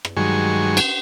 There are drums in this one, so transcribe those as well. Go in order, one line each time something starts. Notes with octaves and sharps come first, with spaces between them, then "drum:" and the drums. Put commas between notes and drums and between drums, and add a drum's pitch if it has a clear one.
drum: rim click
G2 D#3 F#3 G#3 G#5 C#6
drum: cymbal